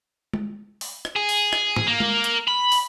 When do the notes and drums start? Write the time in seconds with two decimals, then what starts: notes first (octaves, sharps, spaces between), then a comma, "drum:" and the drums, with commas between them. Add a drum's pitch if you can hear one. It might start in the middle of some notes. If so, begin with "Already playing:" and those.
0.33 drum: tom G#3
0.81 drum: open hi-hat
1.05 drum: rim click
1.16 G#4
1.29 drum: open hi-hat
1.53 drum: rim click
1.76 drum: tom
1.87 A#3
2.00 drum: tom G#3
2.24 drum: hi-hat
2.48 B5
2.72 drum: open hi-hat